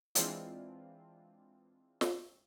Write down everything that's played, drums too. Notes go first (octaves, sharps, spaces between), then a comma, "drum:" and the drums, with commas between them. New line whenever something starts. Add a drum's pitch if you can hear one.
E3 G#3 C4 D4 F4, drum: hi-hat
drum: snare